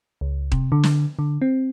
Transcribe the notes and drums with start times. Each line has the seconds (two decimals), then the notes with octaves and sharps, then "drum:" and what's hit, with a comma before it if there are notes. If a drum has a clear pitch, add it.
0.21 C#2
0.52 C3, drum: kick D#1
0.72 D3
0.83 drum: snare
1.19 D3
1.42 C4